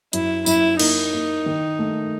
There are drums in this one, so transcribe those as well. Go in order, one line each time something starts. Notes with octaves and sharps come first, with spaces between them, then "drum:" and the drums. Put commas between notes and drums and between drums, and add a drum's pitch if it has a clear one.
F#2 E4, drum: hi-hat
F#2 E4, drum: tambourine
A#3 D#4, drum: cymbal
A#3
D#3
A3